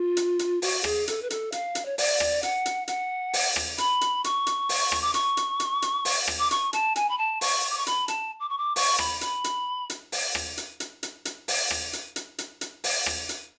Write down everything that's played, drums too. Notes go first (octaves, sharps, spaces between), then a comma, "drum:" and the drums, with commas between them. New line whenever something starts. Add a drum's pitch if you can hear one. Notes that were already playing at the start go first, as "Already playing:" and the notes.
Already playing: F4
drum: hi-hat
drum: hi-hat
F#4, drum: open hi-hat
G#4, drum: rim click
A4, drum: hi-hat
B4
A4, drum: hi-hat
F5, drum: hi-hat
drum: hi-hat
C#5
D5, drum: open hi-hat
drum: rim click
F#5, drum: hi-hat
drum: hi-hat
F#5, drum: hi-hat
drum: open hi-hat
drum: rim click
B5, drum: hi-hat
drum: hi-hat
C#6, drum: hi-hat
drum: hi-hat
drum: open hi-hat
drum: rim click
D6
C#6, drum: hi-hat
drum: hi-hat
drum: hi-hat
drum: hi-hat
drum: open hi-hat
drum: rim click
D6
C#6, drum: hi-hat
A5, drum: hi-hat
G#5, drum: hi-hat
B5
A5
C#6, drum: open hi-hat
D6
C#6
B5, drum: hi-hat
A5, drum: hi-hat
D6
C#6
D6
C#6, drum: open hi-hat
B5, drum: rim click
B5, drum: hi-hat
drum: hi-hat
drum: hi-hat
drum: open hi-hat
drum: rim click
drum: hi-hat
drum: hi-hat
drum: hi-hat
drum: hi-hat
drum: open hi-hat
drum: rim click
drum: hi-hat
drum: hi-hat
drum: hi-hat
drum: hi-hat
drum: open hi-hat
drum: rim click
drum: hi-hat